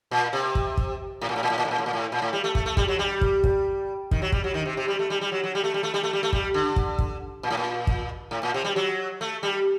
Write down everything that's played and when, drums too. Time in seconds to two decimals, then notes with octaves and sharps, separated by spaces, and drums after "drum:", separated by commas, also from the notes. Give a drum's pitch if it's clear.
0.11 A#2
0.33 C3
0.55 drum: kick
0.77 drum: kick
1.22 A2
1.29 A#2
1.36 A2
1.43 A#2
1.50 A2
1.58 A#2
1.65 A2
1.71 A#2
1.78 A2
1.86 A#2
1.93 A2
2.12 A#2
2.22 A2
2.33 G3
2.44 A3
2.55 A3, drum: kick
2.66 A3
2.77 G3, drum: kick
2.88 F#3
2.99 G3
3.21 drum: kick
3.44 drum: kick
4.11 D#3, drum: kick
4.22 F#3
4.32 G3, drum: kick
4.44 F#3
4.54 D#3
4.66 C3
4.77 C3
4.88 G3
4.99 A3
5.10 G3
5.21 G3
5.32 F#3
5.44 F#3
5.55 G3
5.64 A3
5.74 G3
5.83 A3
5.94 G3
6.03 A3
6.13 G3
6.23 A3
6.33 G3, drum: kick
6.54 D3
6.76 drum: kick
6.99 drum: kick
7.43 A#2
7.50 A2
7.57 A#2
7.87 drum: kick
8.31 A2
8.43 A#2
8.54 C3
8.64 G3
8.76 F#3
9.21 A3
9.43 G3